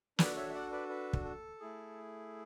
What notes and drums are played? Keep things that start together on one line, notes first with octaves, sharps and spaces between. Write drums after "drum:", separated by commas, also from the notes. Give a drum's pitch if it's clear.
D4 F#4 A4 B4 D5, drum: snare
C#5 E5
E5
D5 F#5
B4 D5
B4
drum: kick
A4
A3 E4 G#4